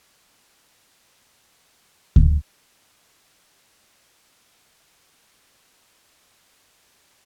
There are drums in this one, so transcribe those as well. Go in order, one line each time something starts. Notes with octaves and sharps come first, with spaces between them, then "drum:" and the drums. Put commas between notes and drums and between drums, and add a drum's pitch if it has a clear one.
D#3
drum: kick D2
F#3 F#5
F#3
B2 G#4 C5 E5 D6
D2 F3 F#3 G4 B4 C#5